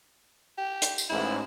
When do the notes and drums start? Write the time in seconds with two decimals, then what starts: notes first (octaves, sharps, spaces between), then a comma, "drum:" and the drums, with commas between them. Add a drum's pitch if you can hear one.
0.58 G4
0.82 drum: hi-hat
0.98 drum: tambourine
1.09 A1 G#2 E4